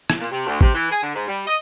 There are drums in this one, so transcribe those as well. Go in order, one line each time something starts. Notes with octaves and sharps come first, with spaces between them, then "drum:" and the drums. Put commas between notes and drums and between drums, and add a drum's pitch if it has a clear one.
drum: rim click
A#2
C3
D2
C3, drum: kick
E3
G#4
D3
G#2
G3
D#5